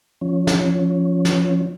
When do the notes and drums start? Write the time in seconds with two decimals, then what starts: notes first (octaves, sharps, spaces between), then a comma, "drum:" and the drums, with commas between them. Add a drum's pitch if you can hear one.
0.21 F3 C#4
0.47 drum: snare
1.25 drum: snare